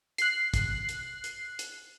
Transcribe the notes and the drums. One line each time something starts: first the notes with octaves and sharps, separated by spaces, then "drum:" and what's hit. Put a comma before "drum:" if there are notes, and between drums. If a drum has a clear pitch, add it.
F#6 C7, drum: hi-hat
drum: kick, hi-hat
drum: hi-hat
drum: hi-hat
drum: hi-hat